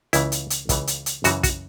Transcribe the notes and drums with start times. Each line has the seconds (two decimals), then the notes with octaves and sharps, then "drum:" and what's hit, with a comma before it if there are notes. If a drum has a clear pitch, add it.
0.13 C#2 C#3 E3 E4, drum: hi-hat
0.32 drum: hi-hat
0.50 drum: hi-hat
0.69 C#2 C#3 E3, drum: kick, hi-hat
0.87 drum: hi-hat
1.06 drum: hi-hat
1.24 F#2 C#3 E3 F#4, drum: hi-hat
1.43 F#4, drum: kick, hi-hat